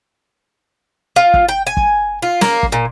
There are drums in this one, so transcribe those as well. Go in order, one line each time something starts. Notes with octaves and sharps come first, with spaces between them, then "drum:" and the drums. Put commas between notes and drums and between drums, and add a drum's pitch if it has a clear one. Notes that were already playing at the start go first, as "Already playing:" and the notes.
F4
drum: kick
G5
G#5
drum: kick
F4
A#3, drum: snare
drum: kick
A#2